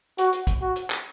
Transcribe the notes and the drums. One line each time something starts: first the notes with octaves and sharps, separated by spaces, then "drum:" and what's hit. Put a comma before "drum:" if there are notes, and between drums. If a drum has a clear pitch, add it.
F#4, drum: hi-hat
drum: hi-hat
drum: kick, hi-hat
F#4
drum: hi-hat
drum: clap